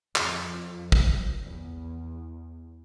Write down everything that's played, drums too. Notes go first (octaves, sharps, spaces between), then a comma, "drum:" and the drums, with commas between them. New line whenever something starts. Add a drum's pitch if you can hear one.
F2, drum: clap
drum: kick
E2